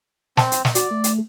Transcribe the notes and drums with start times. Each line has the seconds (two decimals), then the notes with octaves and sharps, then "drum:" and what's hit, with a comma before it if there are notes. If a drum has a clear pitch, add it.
0.37 C4 A5, drum: snare
0.52 drum: hi-hat
0.65 drum: snare
0.75 F#4 D5, drum: hi-hat
0.91 A3
1.04 drum: hi-hat